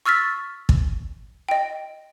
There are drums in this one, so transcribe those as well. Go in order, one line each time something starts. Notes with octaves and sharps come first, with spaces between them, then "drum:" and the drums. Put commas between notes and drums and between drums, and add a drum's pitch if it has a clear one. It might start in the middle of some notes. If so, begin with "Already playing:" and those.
C#6 E6 F6 A6 B6
drum: kick
D#5 G5